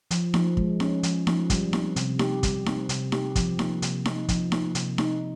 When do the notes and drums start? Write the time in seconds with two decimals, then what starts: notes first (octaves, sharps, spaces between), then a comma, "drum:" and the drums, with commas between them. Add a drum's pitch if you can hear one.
0.11 F3, drum: hi-hat
0.34 F3, drum: snare D#4
0.57 G#3, drum: kick
0.80 C#4, drum: snare D#4
1.03 F3, drum: hi-hat
1.27 F3, drum: snare D#4
1.50 G3, drum: kick, hi-hat
1.73 C4, drum: snare D#4
1.96 C3, drum: hi-hat
2.19 G4, drum: snare D#4
2.43 G3, drum: kick, hi-hat
2.66 C4, drum: snare D#4
2.89 C3, drum: hi-hat
3.12 G4, drum: snare D#4
3.36 F3, drum: kick, hi-hat
3.59 A#3, drum: snare D#4
3.82 C3, drum: hi-hat
4.05 D#4, drum: snare D#4
4.29 F3, drum: kick, hi-hat
4.52 A#3, drum: snare D#4
4.75 C3, drum: hi-hat
4.98 D#4, drum: snare D#4